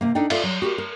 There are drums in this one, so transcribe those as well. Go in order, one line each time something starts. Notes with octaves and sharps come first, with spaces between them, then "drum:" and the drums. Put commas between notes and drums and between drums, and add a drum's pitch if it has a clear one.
C3 A#3
D4 D#4 A4 D5 G5
F4 A4 D5 E5 F5, drum: cymbal
F#3
F#4 G4 A#4
A#4